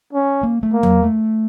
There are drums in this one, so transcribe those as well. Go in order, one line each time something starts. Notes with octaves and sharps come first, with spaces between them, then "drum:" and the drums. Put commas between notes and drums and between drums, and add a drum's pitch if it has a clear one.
C#4
A#3
A3
A#3
F#3, drum: tom E2
A3